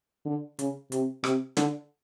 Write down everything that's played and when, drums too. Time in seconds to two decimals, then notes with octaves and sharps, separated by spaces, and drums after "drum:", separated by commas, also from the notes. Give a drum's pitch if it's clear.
0.26 D3
0.59 C#3, drum: hi-hat
0.92 C3, drum: hi-hat
1.24 C3, drum: rim click
1.57 D3, drum: snare